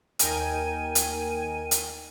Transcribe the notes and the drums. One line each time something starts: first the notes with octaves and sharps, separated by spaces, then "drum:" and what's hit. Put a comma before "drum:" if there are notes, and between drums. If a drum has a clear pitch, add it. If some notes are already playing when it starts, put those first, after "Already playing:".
D#2 D#4 A#4 G5 G#5 D#7, drum: hi-hat
drum: hi-hat
drum: hi-hat